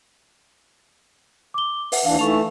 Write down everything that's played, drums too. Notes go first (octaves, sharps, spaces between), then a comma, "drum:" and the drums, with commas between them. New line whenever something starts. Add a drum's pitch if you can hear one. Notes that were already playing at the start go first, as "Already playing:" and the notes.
D6 G7
B4 E5 F#5, drum: open hi-hat
D#2 E3 D4 F5
E3 A3 D#4 A5 C#6 F7